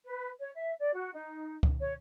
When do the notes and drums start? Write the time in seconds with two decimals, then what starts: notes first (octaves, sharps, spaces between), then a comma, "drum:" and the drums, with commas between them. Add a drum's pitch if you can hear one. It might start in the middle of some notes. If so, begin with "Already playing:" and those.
0.04 B4
0.39 C#5
0.56 E5
0.78 D5
0.93 F#4
1.13 D#4
1.63 drum: kick C#2
1.79 C#5